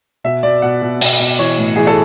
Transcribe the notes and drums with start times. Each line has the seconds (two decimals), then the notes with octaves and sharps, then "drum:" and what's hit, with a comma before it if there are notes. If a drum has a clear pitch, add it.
0.24 B2 E5
0.43 B2 D5
0.62 B2 F#5
0.82 B2
1.01 B2, drum: cymbal
1.19 B2
1.39 E3 C#5
1.58 A2
1.76 E3 G#4
1.87 A4